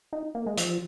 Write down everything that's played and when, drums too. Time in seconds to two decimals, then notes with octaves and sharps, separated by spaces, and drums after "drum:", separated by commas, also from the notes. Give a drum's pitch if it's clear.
0.13 D#4
0.35 A#3
0.47 G#3
0.58 F3, drum: hi-hat